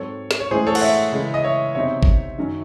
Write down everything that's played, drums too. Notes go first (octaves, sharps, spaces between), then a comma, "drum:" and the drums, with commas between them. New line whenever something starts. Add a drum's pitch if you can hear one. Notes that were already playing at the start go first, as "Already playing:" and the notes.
Already playing: G#2 F#3 C4 A4 C#5
drum: snare
C#5
A2 E3 G#3 C#4 G#4 C5
A4 C#5
F#5, drum: cymbal
C#5 E5
C#3 E3 G#3
D#5
C#5 E5
E2 C3 F#3 C4 D#4 C#5 E5
drum: kick G#1
F#2 D#3 F#3 C#4